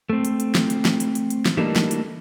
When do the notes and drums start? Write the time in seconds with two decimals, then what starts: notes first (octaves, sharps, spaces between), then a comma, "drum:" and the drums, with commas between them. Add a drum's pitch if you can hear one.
0.10 A3 C4
0.25 drum: hi-hat
0.40 drum: hi-hat
0.55 drum: snare
0.70 drum: hi-hat
0.85 drum: snare
1.00 drum: hi-hat
1.15 drum: hi-hat
1.30 drum: hi-hat
1.46 drum: snare
1.57 E3 G3 A3 A#3 D4 D#4
1.76 drum: snare
1.91 drum: hi-hat